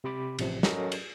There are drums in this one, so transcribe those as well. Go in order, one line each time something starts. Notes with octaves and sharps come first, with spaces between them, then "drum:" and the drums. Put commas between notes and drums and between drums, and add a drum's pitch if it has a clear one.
C3 G4 B5 D6
A1 C3 F3, drum: cymbal
F#3 C#4 F#4 A4 A#4 D#5, drum: snare
drum: cymbal